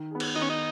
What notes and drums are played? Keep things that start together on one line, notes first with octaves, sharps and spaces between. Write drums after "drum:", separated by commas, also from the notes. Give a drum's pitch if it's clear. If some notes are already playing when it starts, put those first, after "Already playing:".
Already playing: D#3
B3 G#4
drum: cymbal
D#3 D#4
C#4
D#4